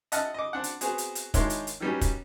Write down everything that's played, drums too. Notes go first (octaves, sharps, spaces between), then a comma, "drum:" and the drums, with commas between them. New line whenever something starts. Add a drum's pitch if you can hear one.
D#5 E5 F#5 A5 D#6 F6, drum: hi-hat
D#5 D6
C4 D4 F#5
drum: hi-hat
B3 C4 F#4 G#4, drum: hi-hat
drum: hi-hat
drum: hi-hat
D#3 G#3 D4 E4 C#5 C6, drum: kick, hi-hat
drum: hi-hat
drum: hi-hat
D#3 F#3 G3 B3 C#4
drum: kick, hi-hat